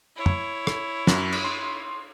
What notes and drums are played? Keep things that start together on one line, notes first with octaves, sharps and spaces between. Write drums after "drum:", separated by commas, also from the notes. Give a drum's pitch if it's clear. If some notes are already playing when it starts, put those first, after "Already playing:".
E4 C#5
drum: tom
drum: rim click
F#2, drum: snare
drum: cymbal
C6